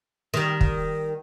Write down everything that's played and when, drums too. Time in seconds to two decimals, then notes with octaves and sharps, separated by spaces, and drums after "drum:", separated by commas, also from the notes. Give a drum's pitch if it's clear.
0.34 D#3 G3
0.61 drum: kick